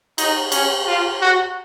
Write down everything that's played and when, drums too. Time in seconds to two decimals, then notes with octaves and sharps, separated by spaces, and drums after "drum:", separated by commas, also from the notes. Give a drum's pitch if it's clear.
0.18 D#4, drum: cymbal
0.52 C#4, drum: cymbal
0.87 F4
1.21 F#4